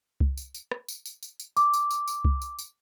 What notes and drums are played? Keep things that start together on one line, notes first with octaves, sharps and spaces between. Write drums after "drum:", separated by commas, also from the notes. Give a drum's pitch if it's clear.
drum: kick C2
drum: tambourine
drum: tambourine
drum: rim click
drum: tambourine
drum: tambourine
drum: tambourine
drum: tambourine
D6, drum: tambourine
drum: tambourine
drum: tambourine
drum: tambourine
drum: kick C2
drum: tambourine
drum: tambourine